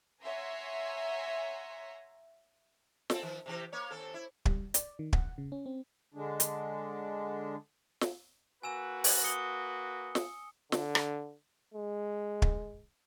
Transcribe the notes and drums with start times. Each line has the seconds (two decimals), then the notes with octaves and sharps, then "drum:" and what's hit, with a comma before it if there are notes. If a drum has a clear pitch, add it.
0.21 C#5 E5 F#5 G#5 A#5 C6
3.10 C4 A4, drum: snare
3.23 D#3 F3
3.46 C3 E3 G4
3.72 A#3 C#5
3.91 D#2 C4 A4
4.14 E4
4.45 G3, drum: kick
4.74 D5, drum: hi-hat
4.99 D#3
5.13 F#5, drum: kick
5.38 C#3
5.52 C#4
5.66 C4
6.14 D3 G#3 D4
6.40 drum: hi-hat
8.01 drum: snare
8.63 A#3 F#4 B4 G#5 E6 E7
9.04 drum: open hi-hat
9.24 D#6 C#7 G7
10.15 drum: snare
10.72 D3, drum: snare
10.95 drum: rim click
11.74 G#3
12.42 drum: kick